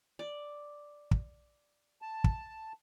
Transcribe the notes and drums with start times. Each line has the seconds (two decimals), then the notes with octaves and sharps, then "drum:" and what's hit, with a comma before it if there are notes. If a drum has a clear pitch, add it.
0.19 D5
1.11 drum: kick
2.02 A5
2.24 drum: kick